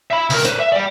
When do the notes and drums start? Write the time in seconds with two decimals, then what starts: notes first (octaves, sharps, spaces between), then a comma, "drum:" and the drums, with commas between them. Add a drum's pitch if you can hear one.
0.11 E5 B5
0.30 C#2 A#4, drum: open hi-hat
0.45 B4 C5, drum: hi-hat
0.59 E5
0.72 D5 G5